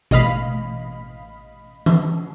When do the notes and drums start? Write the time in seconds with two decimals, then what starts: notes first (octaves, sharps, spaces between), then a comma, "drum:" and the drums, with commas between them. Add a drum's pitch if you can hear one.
0.11 A1 D#5 F5 B5, drum: tom B2
1.86 drum: tom E3